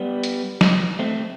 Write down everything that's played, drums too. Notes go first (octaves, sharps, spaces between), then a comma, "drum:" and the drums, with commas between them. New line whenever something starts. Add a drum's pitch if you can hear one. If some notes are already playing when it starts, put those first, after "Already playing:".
Already playing: G3 B3
drum: hi-hat
drum: snare
A3 C4